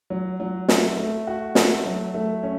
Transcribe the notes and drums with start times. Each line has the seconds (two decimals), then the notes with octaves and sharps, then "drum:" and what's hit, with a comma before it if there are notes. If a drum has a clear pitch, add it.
0.10 F#3
0.40 F#3
0.68 A3, drum: snare
0.97 A3
1.27 F#4
1.55 A3, drum: snare
1.85 F#3
2.14 A3
2.43 C#4